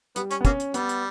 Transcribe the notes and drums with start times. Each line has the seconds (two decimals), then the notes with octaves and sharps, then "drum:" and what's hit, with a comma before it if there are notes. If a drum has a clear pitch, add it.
0.16 G3 B3, drum: hi-hat
0.31 C#4, drum: hi-hat
0.41 B3
0.45 A#3 C#4, drum: kick, hi-hat
0.60 drum: hi-hat
0.74 G3 B3, drum: hi-hat
0.89 drum: hi-hat